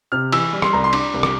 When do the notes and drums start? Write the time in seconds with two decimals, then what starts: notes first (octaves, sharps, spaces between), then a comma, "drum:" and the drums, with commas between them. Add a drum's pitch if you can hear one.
0.12 C3 F6
0.32 E3 E6, drum: cymbal
0.53 G3
0.62 C6, drum: rim click
0.73 C2 A#5
0.84 C6
0.93 D4 D6, drum: cymbal
1.14 C2
1.23 D6, drum: rim click